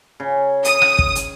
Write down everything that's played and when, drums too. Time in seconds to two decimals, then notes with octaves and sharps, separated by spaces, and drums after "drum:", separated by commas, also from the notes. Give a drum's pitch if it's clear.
0.20 C#3
0.65 D#6, drum: hi-hat
0.82 drum: rim click
0.99 drum: kick
1.15 drum: hi-hat